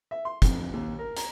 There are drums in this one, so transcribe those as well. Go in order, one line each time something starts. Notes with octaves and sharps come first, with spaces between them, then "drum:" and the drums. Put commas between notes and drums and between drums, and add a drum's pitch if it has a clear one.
E5
C6
F2, drum: kick, hi-hat
D#2
A#4
A#5, drum: hi-hat